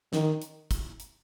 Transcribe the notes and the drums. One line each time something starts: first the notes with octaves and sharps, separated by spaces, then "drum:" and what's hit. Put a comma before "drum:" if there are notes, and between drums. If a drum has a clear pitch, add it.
D#3, drum: snare
drum: hi-hat
drum: kick, hi-hat
drum: hi-hat